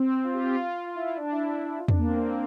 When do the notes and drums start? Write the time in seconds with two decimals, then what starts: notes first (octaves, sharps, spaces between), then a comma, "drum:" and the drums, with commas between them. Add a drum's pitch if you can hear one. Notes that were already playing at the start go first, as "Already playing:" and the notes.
Already playing: C4
0.24 F4
0.34 G4
0.44 F4
0.55 F4
0.86 F4
0.95 E4
1.06 E4
1.16 D4
1.32 E4
1.78 F4
1.88 D4, drum: tom E2
1.99 A#3
2.07 C4
2.15 A#3